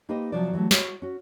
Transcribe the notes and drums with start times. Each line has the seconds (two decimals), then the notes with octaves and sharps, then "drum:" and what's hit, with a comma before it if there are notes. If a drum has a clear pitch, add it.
0.09 A#3 D#4 G4 B4 C5 D#5
0.32 C3 F3 F#3 C5 D5
0.53 E3 F#3 G3 A3
0.71 F#4 C#5, drum: snare
1.02 C#4 F#4